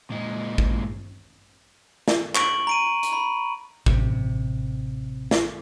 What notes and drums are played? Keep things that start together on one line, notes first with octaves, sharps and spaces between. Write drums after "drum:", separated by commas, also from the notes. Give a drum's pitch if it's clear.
A#2 G#3
drum: kick A1
drum: snare
C#6 D7 F#7, drum: clap
A#5 D7 D#7
drum: hi-hat
B5
A1 C3, drum: kick A1
drum: snare